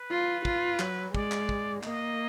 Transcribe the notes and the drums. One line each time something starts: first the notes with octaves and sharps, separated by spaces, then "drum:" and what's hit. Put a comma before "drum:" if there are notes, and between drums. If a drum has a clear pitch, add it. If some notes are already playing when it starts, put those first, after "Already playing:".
Already playing: B4
F4
F4, drum: kick
F#3, drum: clap
G#3 D5, drum: kick
drum: clap
drum: kick
A#3 D#5, drum: clap